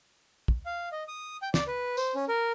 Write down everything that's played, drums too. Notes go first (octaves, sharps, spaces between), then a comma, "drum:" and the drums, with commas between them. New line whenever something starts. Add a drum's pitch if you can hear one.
drum: kick
F5
D#5
D#6
G5
D5, drum: snare
B4
C5, drum: tambourine
C#4
A#4